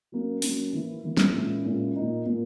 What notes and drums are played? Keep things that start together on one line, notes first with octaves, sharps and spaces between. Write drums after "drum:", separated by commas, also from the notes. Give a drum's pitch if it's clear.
F#3 A#3 C#4
F#3 A#3 C#4, drum: open hi-hat
E3 A#3 E4
E3 A#3 E4
drum: snare
A#2 G#3 C#4 E4
A#2 G#3 C#4 E4
A#2 A#3 D#4
A#2 A#3 D#4